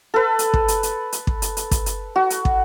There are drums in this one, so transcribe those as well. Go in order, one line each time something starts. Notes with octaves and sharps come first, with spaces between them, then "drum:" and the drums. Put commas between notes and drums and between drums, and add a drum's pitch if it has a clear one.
A4 B4
drum: hi-hat
drum: kick
drum: hi-hat
drum: hi-hat
drum: hi-hat
drum: kick
drum: hi-hat
drum: hi-hat
drum: kick, hi-hat
drum: hi-hat
F#4
drum: hi-hat
drum: kick